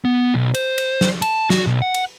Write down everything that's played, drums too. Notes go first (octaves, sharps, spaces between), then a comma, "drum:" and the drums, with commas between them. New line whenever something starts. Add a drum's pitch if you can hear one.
B3
B1
C5, drum: cymbal
drum: cymbal
drum: snare
A5, drum: cymbal
F#4, drum: snare
B1
F#5
drum: cymbal